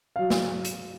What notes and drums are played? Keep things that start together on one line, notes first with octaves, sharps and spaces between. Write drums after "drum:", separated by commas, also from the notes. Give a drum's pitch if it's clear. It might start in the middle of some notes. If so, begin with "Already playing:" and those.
F#3 F5
drum: snare
drum: hi-hat